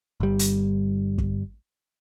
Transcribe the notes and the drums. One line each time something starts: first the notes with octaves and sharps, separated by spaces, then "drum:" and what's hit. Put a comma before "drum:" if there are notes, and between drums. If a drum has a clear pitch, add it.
G1 G3
drum: hi-hat
drum: kick